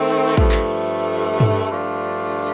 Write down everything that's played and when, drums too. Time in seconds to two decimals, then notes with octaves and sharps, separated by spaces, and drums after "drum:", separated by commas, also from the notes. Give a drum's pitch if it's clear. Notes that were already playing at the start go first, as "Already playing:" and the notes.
Already playing: D#3 A3 C4
0.37 G2 F3 A3, drum: kick
0.52 drum: clap
1.40 drum: tom G2
1.70 G2 F3 A3 D4 F4